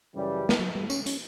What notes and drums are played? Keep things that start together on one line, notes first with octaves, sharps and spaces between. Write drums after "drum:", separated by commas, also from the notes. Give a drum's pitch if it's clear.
F#2 C#3 E3 G3
drum: snare
F#3
G3
C#4, drum: tambourine
C#4, drum: hi-hat